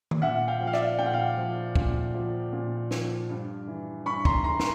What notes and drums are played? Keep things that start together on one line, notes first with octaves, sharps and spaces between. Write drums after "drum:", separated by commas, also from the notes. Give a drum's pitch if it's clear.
drum: tom D#3
A#2 E5 F#5
F5 G5
F3
F5
D5 E5, drum: rim click
A#2 G5
F#5
F5 G5
F3
A#2, drum: kick
F3
A#2
F3, drum: snare
G2
E3
G2 B5 C#6
A#5 C6, drum: kick
E3 A#5 C6
C6, drum: snare